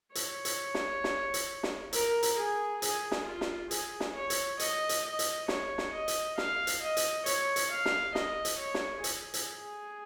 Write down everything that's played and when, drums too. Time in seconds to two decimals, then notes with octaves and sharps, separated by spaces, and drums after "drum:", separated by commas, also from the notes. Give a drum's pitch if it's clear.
0.15 C#5, drum: hi-hat
0.45 drum: hi-hat
0.74 drum: snare
1.04 drum: snare
1.34 drum: hi-hat
1.63 drum: snare
1.93 A#4, drum: hi-hat
2.23 drum: hi-hat
2.38 G#4
2.82 G#4, drum: hi-hat
3.11 drum: snare
3.26 F4
3.41 drum: snare
3.71 G#4, drum: hi-hat
4.00 drum: snare
4.15 C#5
4.30 drum: hi-hat
4.59 D#5, drum: hi-hat
4.89 drum: hi-hat
5.04 D#5
5.19 drum: hi-hat
5.48 C#5, drum: snare
5.78 drum: snare
5.93 D#5
6.08 drum: hi-hat
6.38 F5, drum: snare
6.67 drum: hi-hat
6.82 D#5
6.97 drum: hi-hat
7.26 C#5, drum: hi-hat
7.56 drum: hi-hat
7.71 F5
7.85 drum: snare
8.15 D#5, drum: snare
8.45 drum: hi-hat
8.59 C#5
8.74 drum: snare
9.04 G#4, drum: hi-hat
9.34 drum: hi-hat